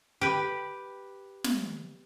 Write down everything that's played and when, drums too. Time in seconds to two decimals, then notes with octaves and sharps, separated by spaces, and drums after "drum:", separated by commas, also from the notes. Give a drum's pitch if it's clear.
0.21 G4 B4
1.44 drum: snare